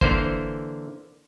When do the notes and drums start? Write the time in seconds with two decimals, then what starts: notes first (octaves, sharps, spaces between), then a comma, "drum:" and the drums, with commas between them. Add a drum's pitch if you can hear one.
0.01 D3 E3 A#3 C5, drum: kick